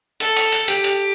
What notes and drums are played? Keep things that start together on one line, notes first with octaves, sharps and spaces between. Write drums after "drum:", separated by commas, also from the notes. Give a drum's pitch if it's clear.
A4, drum: hi-hat
drum: hi-hat
drum: hi-hat
G4, drum: hi-hat
drum: hi-hat